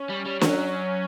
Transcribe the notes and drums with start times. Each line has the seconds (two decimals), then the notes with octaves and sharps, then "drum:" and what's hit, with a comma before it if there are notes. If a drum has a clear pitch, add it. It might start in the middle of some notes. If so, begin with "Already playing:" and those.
Already playing: C#4
0.10 G3
0.26 G3
0.41 F#3 C#4, drum: snare